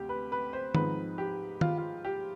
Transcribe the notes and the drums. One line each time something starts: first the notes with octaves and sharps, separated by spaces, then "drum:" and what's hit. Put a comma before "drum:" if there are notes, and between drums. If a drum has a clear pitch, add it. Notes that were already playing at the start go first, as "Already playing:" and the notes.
Already playing: D2 C3 G4
B4
B4
C5
G#2 F3 C4 D#4 B4, drum: tom D#3
G4
F4, drum: tom D#3
F4
G4